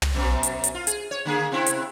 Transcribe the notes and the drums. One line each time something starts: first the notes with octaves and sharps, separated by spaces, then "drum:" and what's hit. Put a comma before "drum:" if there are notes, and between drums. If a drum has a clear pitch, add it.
drum: tom
F#2 B2
drum: hi-hat
drum: hi-hat
F4
G#4, drum: hi-hat
C#5
D3 A#3 G#4
C3 C4 E4
drum: hi-hat